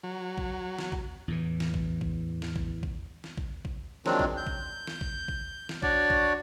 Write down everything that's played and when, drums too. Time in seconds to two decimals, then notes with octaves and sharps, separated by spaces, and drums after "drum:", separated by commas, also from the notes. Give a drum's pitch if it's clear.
0.03 F#3
0.38 drum: kick A#1
0.79 drum: snare
0.92 drum: kick A#1
1.28 E2 A2 E3
1.60 drum: snare
1.74 drum: kick A#1
2.01 drum: kick A#1
2.42 drum: snare
2.56 drum: kick A#1
2.83 drum: kick A#1
3.24 drum: snare
3.38 drum: kick A#1
3.65 drum: kick A#1
4.06 D#3 F3 F#3 G#3 C4 D4, drum: snare
4.19 drum: kick A#1
4.37 G6
4.47 drum: kick A#1
4.87 drum: snare
5.01 drum: kick A#1
5.28 drum: kick A#1
5.69 drum: snare
5.82 D4 F#4 C#5 D5, drum: kick A#1
6.10 drum: kick A#1